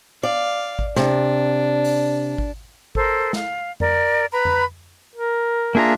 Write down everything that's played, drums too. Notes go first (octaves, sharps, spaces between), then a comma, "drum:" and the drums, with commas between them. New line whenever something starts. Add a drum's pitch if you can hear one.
D5 F5
drum: kick G#1
C3 D4, drum: snare
drum: open hi-hat
drum: kick G#1
A4 A#4 C5, drum: kick G#1
F5, drum: snare
A#4 D5, drum: tom F2
B4 A#5 B5
drum: tom F2
A#4
A#3 D4 F4 G#4 E5 A#5